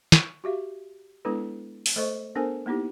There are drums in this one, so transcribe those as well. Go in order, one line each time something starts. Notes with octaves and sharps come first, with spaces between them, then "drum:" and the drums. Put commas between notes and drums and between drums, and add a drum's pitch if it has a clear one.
C#6, drum: snare
F#4 G4 E5 F5
G#3 B3 D4 E4 A4 B4
drum: open hi-hat
A3 A4 C5 D#5 C#6
B3 D4 A4 A#4 C5 G#5
A#3 B3 D#4 E4 G4